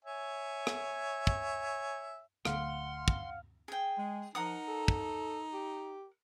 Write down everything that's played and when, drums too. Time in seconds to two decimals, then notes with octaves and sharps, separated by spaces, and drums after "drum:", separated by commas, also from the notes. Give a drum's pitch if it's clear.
0.05 C#5 E5 G#5
0.67 drum: rim click
1.27 drum: kick
2.45 D1 D3 A3 F5 F#5 C6, drum: rim click
3.08 drum: kick
3.68 G#4 G5
3.98 G#3
4.35 F3 D#4 A#4 F#5 D#6
4.68 A4
4.88 drum: kick
5.53 G4